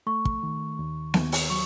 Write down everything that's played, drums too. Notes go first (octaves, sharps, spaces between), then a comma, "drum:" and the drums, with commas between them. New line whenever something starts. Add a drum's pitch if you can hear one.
A3 C#6
drum: kick
D#3
D#2
D#2, drum: snare B3
drum: open hi-hat
F#3 C#6